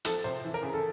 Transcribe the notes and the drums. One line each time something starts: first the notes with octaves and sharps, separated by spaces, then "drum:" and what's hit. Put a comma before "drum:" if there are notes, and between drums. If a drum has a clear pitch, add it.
F3 A4, drum: hi-hat
C3 C5
E3
A#4
C#3
A4